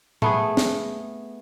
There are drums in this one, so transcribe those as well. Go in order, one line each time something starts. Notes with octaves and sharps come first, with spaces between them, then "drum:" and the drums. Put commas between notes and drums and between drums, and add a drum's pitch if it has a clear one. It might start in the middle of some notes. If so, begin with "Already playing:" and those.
A3 B3 G#4, drum: tom A2
drum: snare